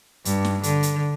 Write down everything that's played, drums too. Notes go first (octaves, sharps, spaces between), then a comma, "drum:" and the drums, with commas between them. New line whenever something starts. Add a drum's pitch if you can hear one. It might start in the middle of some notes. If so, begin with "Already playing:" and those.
G2, drum: hi-hat
drum: snare
D3, drum: hi-hat
drum: hi-hat